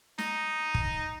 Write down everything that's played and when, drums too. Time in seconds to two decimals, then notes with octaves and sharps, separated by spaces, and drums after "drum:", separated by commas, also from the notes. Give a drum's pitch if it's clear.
0.18 D#4, drum: snare
0.75 drum: kick